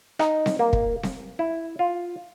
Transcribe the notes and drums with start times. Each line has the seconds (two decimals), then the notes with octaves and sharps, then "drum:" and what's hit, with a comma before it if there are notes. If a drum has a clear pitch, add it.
0.19 D#4, drum: rim click
0.46 drum: snare C4
0.59 A#3
0.73 drum: kick
1.03 drum: snare C4
1.39 E4
1.79 F4